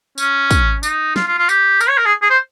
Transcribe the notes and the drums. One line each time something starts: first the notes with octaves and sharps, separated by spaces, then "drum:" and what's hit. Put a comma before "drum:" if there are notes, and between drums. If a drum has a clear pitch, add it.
C#4, drum: tambourine
drum: kick, tambourine
D#4, drum: tambourine
F4, drum: snare
F4
F4
G4, drum: tambourine
A#4, drum: tambourine
C#5
A#4
G#4
G#4
C5